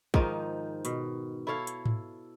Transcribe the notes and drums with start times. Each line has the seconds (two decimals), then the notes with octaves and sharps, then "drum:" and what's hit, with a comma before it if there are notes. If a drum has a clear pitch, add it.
0.14 G#2 D#3 F3 D#4, drum: kick
0.85 B2, drum: hi-hat
1.47 E4 A4 C#5 F5
1.67 drum: hi-hat
1.86 drum: tom G#2